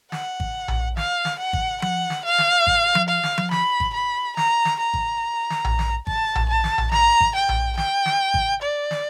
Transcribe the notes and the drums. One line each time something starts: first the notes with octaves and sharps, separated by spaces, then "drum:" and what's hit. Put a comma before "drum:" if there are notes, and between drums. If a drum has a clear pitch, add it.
F#5, drum: snare
drum: kick G#1
drum: tom A#1
F5, drum: snare
drum: snare
F#5
drum: kick G#1
F#5, drum: tom F3
drum: snare
F5
drum: snare
drum: kick G#1
drum: tom F3
F5
drum: snare
drum: tom F3
B5, drum: snare
drum: kick G#1
B5
A#5, drum: snare
drum: snare
A#5
drum: kick G#1
drum: snare
drum: tom A#1
drum: snare
A5, drum: kick G#1
drum: tom A#1
A5
drum: snare
drum: tom A#1
A#5, drum: snare
drum: kick G#1
G5
drum: tom A#1
G5, drum: snare
drum: snare
drum: kick G#1
D5
drum: snare